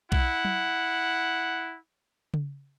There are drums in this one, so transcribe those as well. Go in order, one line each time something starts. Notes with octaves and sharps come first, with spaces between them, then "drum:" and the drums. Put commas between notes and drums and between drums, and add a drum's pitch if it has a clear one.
E4 F#5, drum: kick B1
drum: tom F#3
drum: tom C#3